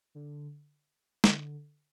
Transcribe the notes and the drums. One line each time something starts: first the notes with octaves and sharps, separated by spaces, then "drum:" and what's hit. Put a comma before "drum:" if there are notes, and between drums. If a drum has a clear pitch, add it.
D3
D3, drum: snare